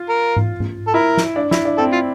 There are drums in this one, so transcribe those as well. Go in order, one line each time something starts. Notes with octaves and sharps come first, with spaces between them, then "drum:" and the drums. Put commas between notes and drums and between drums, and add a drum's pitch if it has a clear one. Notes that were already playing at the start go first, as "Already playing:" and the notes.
Already playing: F4
A#4
drum: tom G#2
drum: tom G#2
A4
E4 A#4
drum: snare
D4
E4, drum: snare
D4
C4 A4
F4